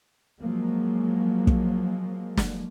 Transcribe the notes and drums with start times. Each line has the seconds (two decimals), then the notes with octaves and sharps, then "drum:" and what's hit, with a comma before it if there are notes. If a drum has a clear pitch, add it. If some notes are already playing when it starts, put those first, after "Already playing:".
0.41 F3 F#3 G#3 A#3
1.47 drum: kick
2.37 drum: snare